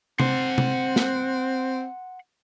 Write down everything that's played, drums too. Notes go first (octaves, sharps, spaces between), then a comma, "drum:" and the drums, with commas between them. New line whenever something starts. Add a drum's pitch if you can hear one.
C4 F#5 C6, drum: tom C3
drum: tom C3
drum: snare